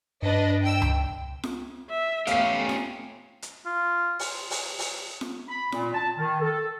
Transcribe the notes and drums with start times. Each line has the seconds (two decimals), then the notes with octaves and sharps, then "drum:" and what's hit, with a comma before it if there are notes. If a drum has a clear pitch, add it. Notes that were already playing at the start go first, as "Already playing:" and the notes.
0.22 G2 D4 B4 D#5
0.63 G5 E6
0.82 drum: tom C#2
1.43 drum: snare F4
1.90 E5
2.27 A3 B3 C#4 G4 F5 C7, drum: hi-hat
2.69 drum: snare F4
3.42 drum: hi-hat
3.66 F4
4.19 drum: open hi-hat
4.51 drum: open hi-hat
4.79 drum: open hi-hat
5.21 drum: snare F4
5.49 B5
5.72 A#2, drum: snare F4
5.94 A5
6.19 D#3
6.42 A4